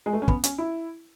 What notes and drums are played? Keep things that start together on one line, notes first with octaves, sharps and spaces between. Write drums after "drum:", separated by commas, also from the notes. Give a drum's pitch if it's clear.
G#3
A3
C#4
B3, drum: kick
C#4, drum: hi-hat
E4